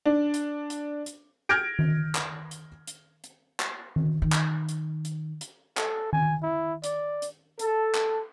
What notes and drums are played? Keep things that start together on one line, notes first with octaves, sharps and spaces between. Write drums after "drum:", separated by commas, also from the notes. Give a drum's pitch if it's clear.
D4
drum: hi-hat
drum: hi-hat
drum: hi-hat
F6 G6 G#6 A#6 D7
drum: tom D#3
drum: clap
drum: hi-hat
drum: hi-hat
drum: hi-hat
drum: clap
drum: tom D#3
D#3
drum: clap
drum: hi-hat
drum: hi-hat
drum: hi-hat
A4, drum: clap
G#5, drum: tom D#3
E4
D5, drum: hi-hat
drum: hi-hat
A4, drum: hi-hat
drum: clap